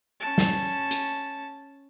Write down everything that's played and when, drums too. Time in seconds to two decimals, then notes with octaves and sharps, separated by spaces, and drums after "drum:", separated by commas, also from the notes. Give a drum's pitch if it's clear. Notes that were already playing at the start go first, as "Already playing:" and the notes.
0.20 C#4 A5
0.38 drum: snare
0.91 drum: hi-hat